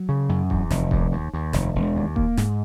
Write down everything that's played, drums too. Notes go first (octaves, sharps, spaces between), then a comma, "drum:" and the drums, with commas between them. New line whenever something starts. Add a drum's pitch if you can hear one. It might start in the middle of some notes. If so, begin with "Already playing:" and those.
Already playing: F#3
C#3
F#2
E2, drum: kick D#1
F1, drum: snare
D#2, drum: kick D#1
D#2
D#2
F1, drum: snare
E1
D#2
A#3, drum: kick D#1
G#2, drum: snare